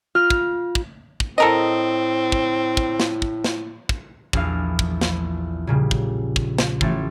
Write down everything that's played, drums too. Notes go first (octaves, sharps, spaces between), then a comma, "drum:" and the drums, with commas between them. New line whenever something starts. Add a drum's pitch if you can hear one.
F4 F6
drum: kick
drum: kick
drum: kick
A2 C4 A4 A#4 D#5
drum: kick
drum: kick
drum: snare
drum: kick
drum: snare
drum: kick
A#1 E2 F5, drum: kick
drum: kick
drum: snare
A#2 C#3 G3
drum: kick
drum: kick
drum: snare
A1 A3, drum: kick